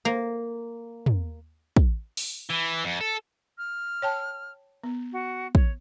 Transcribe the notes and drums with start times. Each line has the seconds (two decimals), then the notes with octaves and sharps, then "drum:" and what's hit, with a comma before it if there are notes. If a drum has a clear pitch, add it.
0.05 A#3
1.06 drum: tom
1.76 drum: kick
2.17 drum: open hi-hat
2.50 E3
2.84 F2
3.01 A4
3.58 F6
4.02 C#5 G5 A5
4.84 B3
5.12 F#4
5.55 C#5, drum: kick